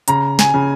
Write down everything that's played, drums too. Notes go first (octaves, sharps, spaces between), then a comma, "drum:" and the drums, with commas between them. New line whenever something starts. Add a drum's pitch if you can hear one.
C#3 A#5, drum: hi-hat
G#5, drum: snare
C#3